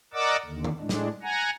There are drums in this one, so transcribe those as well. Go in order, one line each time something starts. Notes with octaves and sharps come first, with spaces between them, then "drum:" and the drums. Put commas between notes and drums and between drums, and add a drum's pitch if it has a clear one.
A#4 D5 D#5 F#5 D6 E6
D#2 D3
drum: tom
A2 G#3 D4
drum: snare
F#5 G#5 A#5